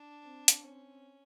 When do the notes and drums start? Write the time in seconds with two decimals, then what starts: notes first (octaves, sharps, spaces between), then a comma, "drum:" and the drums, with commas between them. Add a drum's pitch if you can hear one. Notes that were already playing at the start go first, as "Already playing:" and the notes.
Already playing: D4
0.23 C4
0.48 drum: hi-hat
0.62 C4 C#4